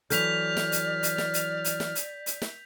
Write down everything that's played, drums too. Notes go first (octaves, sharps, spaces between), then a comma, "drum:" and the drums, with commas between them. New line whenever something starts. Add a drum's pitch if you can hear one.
E3 F#3 A4 D5 F6 G6 B6 F7, drum: hi-hat
drum: snare
drum: hi-hat
drum: hi-hat
drum: snare
drum: hi-hat
drum: hi-hat
drum: snare
drum: hi-hat
drum: hi-hat
drum: snare